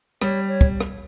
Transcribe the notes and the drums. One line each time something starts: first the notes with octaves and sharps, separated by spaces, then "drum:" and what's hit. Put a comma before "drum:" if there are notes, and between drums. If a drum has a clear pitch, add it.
G3 C#5, drum: rim click
C#5
drum: kick
drum: rim click